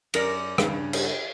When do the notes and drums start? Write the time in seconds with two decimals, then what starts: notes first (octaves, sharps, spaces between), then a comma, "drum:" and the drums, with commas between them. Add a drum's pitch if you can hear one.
0.14 F#2 A#4 D5, drum: cymbal
0.58 G2 C#3, drum: rim click
0.93 drum: cymbal